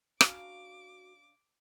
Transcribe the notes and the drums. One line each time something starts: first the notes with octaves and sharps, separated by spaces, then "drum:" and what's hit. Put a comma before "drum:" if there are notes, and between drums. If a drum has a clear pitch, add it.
C#3 D4 F#4 F5 A#5 D6, drum: rim click